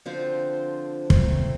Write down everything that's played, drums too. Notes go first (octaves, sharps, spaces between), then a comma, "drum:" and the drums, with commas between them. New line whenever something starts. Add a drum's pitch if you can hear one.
D3 F3 C4 F4 C5
A#2 A3 C4, drum: kick